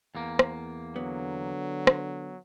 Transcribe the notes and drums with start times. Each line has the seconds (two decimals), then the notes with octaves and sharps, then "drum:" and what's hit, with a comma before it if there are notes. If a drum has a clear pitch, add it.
0.15 E2 A#3
0.39 drum: rim click
0.96 D3 F#3 B3
1.87 drum: rim click